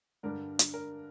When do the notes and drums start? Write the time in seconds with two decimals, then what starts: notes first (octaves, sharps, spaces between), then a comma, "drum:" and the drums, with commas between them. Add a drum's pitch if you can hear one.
0.23 G2 D3 G3 D4 A#4
0.59 drum: hi-hat
0.74 A#4